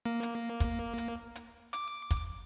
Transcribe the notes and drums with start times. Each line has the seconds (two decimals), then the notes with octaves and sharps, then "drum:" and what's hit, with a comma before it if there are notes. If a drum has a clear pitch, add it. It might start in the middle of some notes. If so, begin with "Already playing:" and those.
0.06 A#3
0.23 drum: hi-hat
0.60 drum: kick, hi-hat
0.98 drum: hi-hat
1.35 drum: hi-hat
1.73 D6, drum: hi-hat
2.11 drum: kick, hi-hat